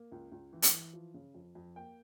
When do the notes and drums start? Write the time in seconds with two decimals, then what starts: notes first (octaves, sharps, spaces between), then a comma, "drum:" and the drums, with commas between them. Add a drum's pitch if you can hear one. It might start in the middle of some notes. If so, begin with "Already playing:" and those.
Already playing: A#3
0.12 C#2
0.32 C#2
0.53 E3
0.62 drum: hi-hat
0.73 E3
0.93 F3
1.14 C#3
1.34 F2
1.55 F2
1.76 A#3 G5